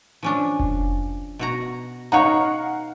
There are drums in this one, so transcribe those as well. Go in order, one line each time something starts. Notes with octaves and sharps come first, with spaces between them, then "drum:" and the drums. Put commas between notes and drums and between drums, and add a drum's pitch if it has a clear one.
F3 C#4 D4
drum: kick F1
B2 F#4 A#5
D#4 B4 C#5 F5 F#5 A#5